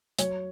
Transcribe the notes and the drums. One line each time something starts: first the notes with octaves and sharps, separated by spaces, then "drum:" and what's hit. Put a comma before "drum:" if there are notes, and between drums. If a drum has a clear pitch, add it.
F#3 C#5, drum: hi-hat